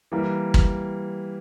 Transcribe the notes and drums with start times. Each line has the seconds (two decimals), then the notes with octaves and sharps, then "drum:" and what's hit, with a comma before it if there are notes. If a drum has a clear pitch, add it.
0.12 E3 G3 A#3
0.54 drum: kick